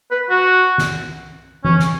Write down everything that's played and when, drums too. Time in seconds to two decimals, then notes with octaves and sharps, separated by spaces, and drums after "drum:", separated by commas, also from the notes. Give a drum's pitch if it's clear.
0.11 B4
0.30 F#4
0.78 drum: snare
1.65 C#4, drum: tom E3
1.79 drum: snare